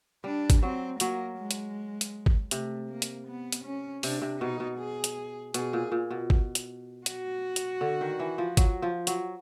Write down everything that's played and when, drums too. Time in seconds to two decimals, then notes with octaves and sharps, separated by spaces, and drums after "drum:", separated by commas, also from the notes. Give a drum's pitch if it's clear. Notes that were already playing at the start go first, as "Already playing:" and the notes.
0.24 G3 D4
0.50 drum: kick G1, hi-hat
0.63 F#3 C4
1.00 F#3 A#3, drum: hi-hat
1.38 G#3
1.51 drum: hi-hat
2.01 drum: hi-hat
2.26 drum: kick G1
2.51 C3 A3, drum: hi-hat
2.89 A#3
3.02 drum: hi-hat
3.27 B3
3.52 drum: hi-hat
3.64 C#4
4.03 C3 D4, drum: open hi-hat
4.22 C3
4.41 B2 D#4
4.60 B2
4.79 G#4
5.04 drum: hi-hat
5.54 B2 G#4, drum: hi-hat
5.73 A#2
5.92 A#2
6.11 B2
6.30 drum: kick G1
6.55 drum: hi-hat
7.06 F#4, drum: hi-hat
7.56 drum: hi-hat
7.81 D3
8.01 D#3
8.19 E3
8.38 F3
8.57 F#3, drum: kick G1, hi-hat
8.82 F3
9.07 F#3, drum: hi-hat